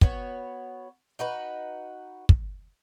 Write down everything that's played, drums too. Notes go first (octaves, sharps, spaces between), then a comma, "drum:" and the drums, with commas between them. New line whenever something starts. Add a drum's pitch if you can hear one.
B3 F#4 C#5, drum: kick
D#4 F#4 B4
drum: kick